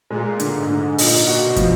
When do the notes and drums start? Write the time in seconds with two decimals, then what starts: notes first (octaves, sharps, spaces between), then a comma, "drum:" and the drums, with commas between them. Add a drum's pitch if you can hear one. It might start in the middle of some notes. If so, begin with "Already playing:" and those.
0.10 A#2 G#3
0.40 D3, drum: hi-hat
0.54 G#2
0.70 D3
0.98 A#2 D#4, drum: open hi-hat
1.28 F#4
1.43 B2
1.56 F3, drum: kick, hi-hat